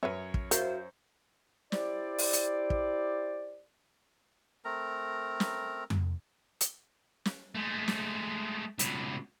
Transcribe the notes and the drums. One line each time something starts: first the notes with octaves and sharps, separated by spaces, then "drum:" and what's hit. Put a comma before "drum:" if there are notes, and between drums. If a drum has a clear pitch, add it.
F#2 B4 C#5 E5
drum: kick
F#4 A#4 C5 E5 F5, drum: hi-hat
E4 G4 C5 D5, drum: snare
drum: open hi-hat
drum: hi-hat
drum: kick
A3 C4 A#4 A#5
drum: snare
drum: tom F2
drum: hi-hat
drum: snare
G#3 A3
drum: snare
C#2 B2, drum: hi-hat